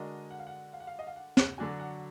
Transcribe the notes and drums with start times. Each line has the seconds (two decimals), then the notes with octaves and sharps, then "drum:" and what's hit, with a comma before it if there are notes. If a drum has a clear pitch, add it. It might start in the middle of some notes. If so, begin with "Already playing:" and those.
Already playing: D3 G#3 D4 F#4 A#4 D#5
0.31 F#5
0.39 F5
0.47 F#5
0.73 F5
0.80 F#5
0.87 F5
0.99 D#5
1.07 F5
1.16 F#5
1.37 drum: snare
1.58 D3 F#3 D4 F#4 G#5
1.80 F#5